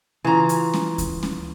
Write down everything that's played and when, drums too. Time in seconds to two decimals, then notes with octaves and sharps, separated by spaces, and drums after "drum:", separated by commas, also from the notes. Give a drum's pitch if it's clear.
0.24 C#3 E3 F4 A#5
0.49 drum: hi-hat
0.74 drum: snare C#4
0.98 drum: kick D2, hi-hat
1.23 drum: snare C#4